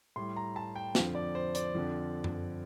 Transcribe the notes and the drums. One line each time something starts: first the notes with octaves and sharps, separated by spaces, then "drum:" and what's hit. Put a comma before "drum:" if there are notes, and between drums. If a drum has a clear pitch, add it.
A2 G3 C6
A#5
A5
G5
F2 D3 F3, drum: snare
D5
C5
D5, drum: hi-hat
F2 D3 F3
drum: tom F#2